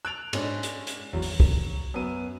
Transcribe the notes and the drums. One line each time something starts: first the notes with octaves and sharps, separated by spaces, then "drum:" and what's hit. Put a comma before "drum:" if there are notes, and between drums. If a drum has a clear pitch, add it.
E6 F#6 G#6 A6 D7 F7
G#2 G#3 C#4 D4, drum: cymbal
drum: hi-hat
drum: hi-hat
G#1 E2 F#3
drum: open hi-hat
drum: kick
F#2 B3 D#7